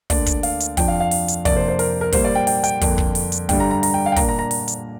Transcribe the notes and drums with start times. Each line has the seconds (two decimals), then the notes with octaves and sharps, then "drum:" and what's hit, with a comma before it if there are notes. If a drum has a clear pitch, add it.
0.10 D2 D3 A#3 D4 D5, drum: kick, open hi-hat
0.26 drum: kick, hi-hat
0.43 F5, drum: open hi-hat
0.60 drum: hi-hat
0.77 F2 F3 D4 G5, drum: kick, open hi-hat
0.88 F5
1.00 F5
1.11 drum: open hi-hat
1.28 drum: hi-hat
1.45 F2 C3 A#3 D4 D5, drum: kick, open hi-hat
1.56 C5
1.68 C5
1.79 A#4, drum: open hi-hat
2.01 A#4
2.13 A#2 G3 A#3 C5, drum: kick, open hi-hat
2.24 D5
2.35 G5
2.47 G5, drum: open hi-hat
2.64 G5, drum: hi-hat
2.82 F2 D3 A#3 D4, drum: kick, open hi-hat
2.98 drum: kick
3.15 drum: open hi-hat
3.32 drum: hi-hat
3.49 G2 D3 G3 G5, drum: kick, open hi-hat
3.60 A#5
3.71 A#5
3.83 A#5, drum: open hi-hat
3.94 G5
4.06 F5
4.12 G5
4.16 A#2 A#3 D4 A#5, drum: kick, open hi-hat
4.29 A#5
4.39 A#5
4.51 drum: open hi-hat
4.68 drum: hi-hat